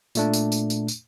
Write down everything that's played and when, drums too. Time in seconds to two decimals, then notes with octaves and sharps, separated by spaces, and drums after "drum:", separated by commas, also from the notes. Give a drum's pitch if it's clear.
0.15 A#2 A3 D4, drum: tambourine
0.33 drum: tambourine
0.52 drum: tambourine
0.70 drum: tambourine
0.88 drum: tambourine